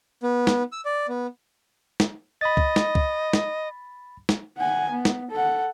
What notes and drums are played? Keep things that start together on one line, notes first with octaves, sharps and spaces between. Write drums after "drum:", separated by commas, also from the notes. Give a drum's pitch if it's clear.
B3
drum: snare
E6
D5
B3
drum: snare
D#5 B5 A6
drum: kick
drum: snare
drum: kick
drum: snare
drum: snare
F#5 G#5
B3
drum: snare
A4 F#5